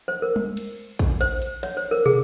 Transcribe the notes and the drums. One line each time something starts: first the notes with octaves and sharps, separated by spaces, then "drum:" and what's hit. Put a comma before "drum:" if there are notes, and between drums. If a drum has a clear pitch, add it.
C5
A#4
drum: tom G3
drum: cymbal
drum: kick A#1, cymbal
C5, drum: cymbal
drum: cymbal
C#5, drum: cymbal
C5
A#4
G#4, drum: tom